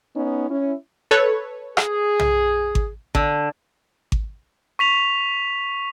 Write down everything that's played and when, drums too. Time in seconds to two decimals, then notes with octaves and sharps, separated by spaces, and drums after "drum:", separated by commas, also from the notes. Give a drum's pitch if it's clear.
0.15 B3 C#4 D#4
0.50 C#4 E4
1.11 A4 B4 C#5
1.77 G#4, drum: rim click
2.20 drum: tom B1
2.75 drum: kick G#1
3.15 D3, drum: kick G#1
4.12 drum: kick G#1
4.79 C#6 B6 F7